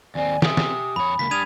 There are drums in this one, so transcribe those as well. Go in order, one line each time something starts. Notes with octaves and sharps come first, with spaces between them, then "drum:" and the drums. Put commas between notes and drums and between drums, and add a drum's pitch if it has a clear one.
D#2 C4 D5 G#5
G4 E5 G#5 D#6, drum: snare
drum: snare
F2 C#5 B5
C#2 A#3 B6
G3 D4 D#6 F6 G#6 D#7 F7